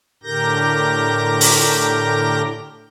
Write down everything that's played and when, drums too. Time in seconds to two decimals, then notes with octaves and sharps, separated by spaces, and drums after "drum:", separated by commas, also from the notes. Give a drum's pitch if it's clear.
0.23 A2 D3 G4 A#4 G6 A#6
1.41 drum: open hi-hat